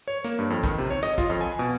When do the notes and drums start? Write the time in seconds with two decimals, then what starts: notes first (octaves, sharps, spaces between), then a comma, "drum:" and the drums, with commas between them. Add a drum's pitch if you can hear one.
0.08 C#5
0.24 A#3, drum: hi-hat
0.39 G2
0.50 F2
0.64 D#3, drum: kick, hi-hat
0.78 C3
0.90 C#5
1.03 D#5, drum: rim click
1.18 F4, drum: kick, hi-hat
1.30 F2
1.41 G#5
1.59 B2